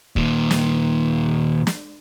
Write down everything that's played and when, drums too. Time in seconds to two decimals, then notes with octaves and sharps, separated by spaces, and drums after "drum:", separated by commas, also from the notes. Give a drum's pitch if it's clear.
0.16 D#2 A#2, drum: kick
0.51 drum: snare
1.67 drum: snare